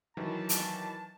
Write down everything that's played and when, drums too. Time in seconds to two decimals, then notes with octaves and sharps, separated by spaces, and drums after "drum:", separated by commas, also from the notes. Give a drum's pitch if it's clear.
0.17 D#3 E3 F#3 A5
0.49 drum: hi-hat